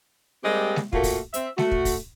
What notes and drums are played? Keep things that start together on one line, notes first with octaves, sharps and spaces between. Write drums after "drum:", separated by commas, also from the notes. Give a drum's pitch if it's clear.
G3 G#3 A#3 C4 G4 D#5
drum: snare G#3
A#2 A3 A#3 F4 F#4, drum: kick
drum: kick, open hi-hat
C4 E5, drum: hi-hat
A3 F#4, drum: snare G#3
drum: kick
drum: kick, open hi-hat